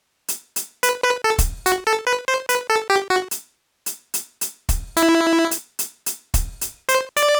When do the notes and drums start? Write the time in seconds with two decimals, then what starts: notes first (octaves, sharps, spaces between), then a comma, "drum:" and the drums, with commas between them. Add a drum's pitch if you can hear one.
0.28 drum: hi-hat
0.56 drum: hi-hat
0.83 B4, drum: hi-hat
1.04 B4
1.24 A4
1.38 drum: kick, hi-hat
1.66 F#4, drum: hi-hat
1.87 A4
2.07 B4
2.28 C5
2.49 B4, drum: hi-hat
2.70 A4
2.90 G4
3.10 F#4
3.31 drum: hi-hat
3.86 drum: hi-hat
4.14 drum: hi-hat
4.41 drum: hi-hat
4.69 drum: kick, hi-hat
4.97 E4, drum: hi-hat
5.51 drum: hi-hat
5.79 drum: hi-hat
6.06 drum: hi-hat
6.34 drum: kick, hi-hat
6.61 drum: hi-hat
6.89 C5, drum: hi-hat
7.17 D5, drum: hi-hat